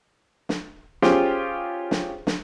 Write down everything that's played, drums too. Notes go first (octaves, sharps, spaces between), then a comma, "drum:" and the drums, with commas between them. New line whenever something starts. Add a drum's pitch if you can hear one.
drum: snare
C#4 F4 G4 G#4 C5 G5, drum: snare
drum: snare
drum: snare